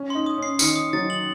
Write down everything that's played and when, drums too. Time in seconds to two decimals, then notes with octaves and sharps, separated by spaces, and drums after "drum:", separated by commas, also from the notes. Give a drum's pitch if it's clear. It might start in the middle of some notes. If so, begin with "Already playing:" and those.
Already playing: C#4
0.10 D#4 C6
0.26 D#6
0.38 C#4 C7
0.59 D#3 C#7, drum: tambourine
0.76 D#6
0.93 F#3 A6
1.10 F#7